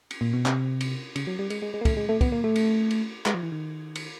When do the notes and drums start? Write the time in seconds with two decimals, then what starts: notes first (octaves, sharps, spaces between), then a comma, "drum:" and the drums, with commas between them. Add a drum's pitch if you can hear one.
0.11 drum: cymbal
0.21 A#2
0.33 B2
0.46 C3, drum: clap
0.81 drum: cymbal
1.16 C#3, drum: cymbal
1.27 F#3
1.39 G3
1.50 G#3, drum: cymbal
1.62 G#3
1.74 G#3
1.81 A#3
1.85 A3, drum: kick, cymbal
1.97 G#3
2.09 A3
2.21 B3, drum: kick, cymbal
2.32 A#3
2.44 A3
2.56 drum: cymbal
2.91 drum: cymbal
3.26 G#3, drum: clap
3.34 F3
3.43 E3
3.52 D#3
3.95 drum: cymbal